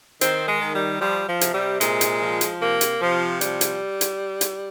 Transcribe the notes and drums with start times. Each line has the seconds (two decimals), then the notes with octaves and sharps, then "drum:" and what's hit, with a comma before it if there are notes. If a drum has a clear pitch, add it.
0.21 D#3 C4, drum: hi-hat
0.47 G#3
0.61 D#3
0.75 G3
1.01 F3 G3
1.28 F3
1.41 C3, drum: hi-hat
1.54 G3
1.81 A#2 G#3, drum: hi-hat
2.01 drum: hi-hat
2.21 F3
2.41 drum: hi-hat
2.61 C3 A#3
2.81 drum: hi-hat
3.01 C3 F3
3.41 F3 G3, drum: hi-hat
3.61 drum: hi-hat
4.01 drum: hi-hat
4.41 drum: hi-hat